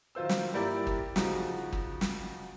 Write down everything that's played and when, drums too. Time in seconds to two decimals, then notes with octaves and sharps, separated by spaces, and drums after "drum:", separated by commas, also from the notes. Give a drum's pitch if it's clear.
0.15 D#3 F#3 F4 C5 E6
0.29 drum: snare
0.54 G2 A#3 E4 G4 A#4 D5
0.87 drum: kick
1.16 C#3 F3 D#4 F#4, drum: snare
1.73 drum: kick
2.01 drum: snare